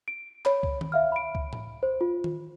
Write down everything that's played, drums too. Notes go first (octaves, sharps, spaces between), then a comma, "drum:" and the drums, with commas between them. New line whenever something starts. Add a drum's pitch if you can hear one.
D7
C#5 B5, drum: clap
drum: kick
drum: tom D#3
E5 F5 F6
B5 D7
drum: kick
drum: tom A2
C5
F4
drum: tom D#3